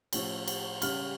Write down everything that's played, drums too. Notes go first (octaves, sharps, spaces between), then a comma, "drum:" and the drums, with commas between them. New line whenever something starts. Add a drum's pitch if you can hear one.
A2 F3 C#4, drum: cymbal
drum: cymbal
C#3 G3 C#4 F6, drum: cymbal